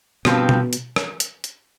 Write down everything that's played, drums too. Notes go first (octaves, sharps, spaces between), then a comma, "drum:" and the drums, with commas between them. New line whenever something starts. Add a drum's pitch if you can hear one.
G2 B2 F3 C4 G4 B4, drum: rim click
drum: tom B2
drum: hi-hat
drum: rim click
drum: hi-hat
drum: hi-hat